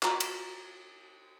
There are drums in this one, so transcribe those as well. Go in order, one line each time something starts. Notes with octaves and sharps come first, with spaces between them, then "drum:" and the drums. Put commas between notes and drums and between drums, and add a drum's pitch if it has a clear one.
F4 F#4 A#5, drum: clap
drum: cymbal